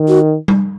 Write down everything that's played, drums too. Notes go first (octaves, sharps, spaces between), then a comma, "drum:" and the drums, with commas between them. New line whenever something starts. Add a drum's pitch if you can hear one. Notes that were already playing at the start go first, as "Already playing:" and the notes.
Already playing: D#3
F#4
drum: tom G3